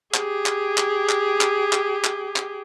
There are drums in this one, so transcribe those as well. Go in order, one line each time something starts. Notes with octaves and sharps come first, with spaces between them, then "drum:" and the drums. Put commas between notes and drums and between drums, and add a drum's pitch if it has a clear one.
G4 G#4, drum: clap
drum: clap
drum: clap
drum: clap
drum: clap
drum: clap
drum: clap
drum: clap